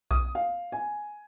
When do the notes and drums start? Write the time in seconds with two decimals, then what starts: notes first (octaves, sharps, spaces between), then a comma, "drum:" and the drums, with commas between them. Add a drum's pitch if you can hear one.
0.11 D#6, drum: kick B1
0.35 F5
0.72 G#5